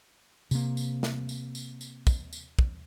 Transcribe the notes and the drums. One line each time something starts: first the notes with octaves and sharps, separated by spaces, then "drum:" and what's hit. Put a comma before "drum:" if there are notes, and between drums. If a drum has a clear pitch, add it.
C3 A#3, drum: tambourine
drum: tambourine
drum: snare
drum: tambourine
drum: tambourine
drum: tambourine
drum: kick, tambourine
drum: tambourine
drum: kick